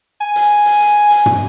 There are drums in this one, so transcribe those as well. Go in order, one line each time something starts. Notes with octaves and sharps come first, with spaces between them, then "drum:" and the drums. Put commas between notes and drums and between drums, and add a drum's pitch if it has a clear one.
G#5
drum: hi-hat
drum: hi-hat
drum: hi-hat
drum: hi-hat
drum: tom